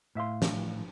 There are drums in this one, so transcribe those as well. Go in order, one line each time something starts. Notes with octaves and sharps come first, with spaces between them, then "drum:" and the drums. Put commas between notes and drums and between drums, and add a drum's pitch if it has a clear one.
A2 E5 F5 C6
drum: snare